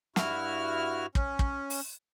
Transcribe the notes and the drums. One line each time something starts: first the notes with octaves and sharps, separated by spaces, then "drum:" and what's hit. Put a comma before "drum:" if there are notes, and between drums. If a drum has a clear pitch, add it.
G2 E4 F#4 F6, drum: snare
C#4, drum: kick
drum: kick
drum: open hi-hat